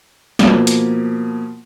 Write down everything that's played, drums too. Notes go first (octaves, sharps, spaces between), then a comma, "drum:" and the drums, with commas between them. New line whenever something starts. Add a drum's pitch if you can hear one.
B2 F3 A#3, drum: snare
drum: hi-hat